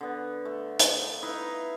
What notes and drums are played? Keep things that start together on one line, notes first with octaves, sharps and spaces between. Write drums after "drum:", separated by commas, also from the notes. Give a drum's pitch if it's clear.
D3 B3
A3
drum: hi-hat
D#4 E4 B4 F5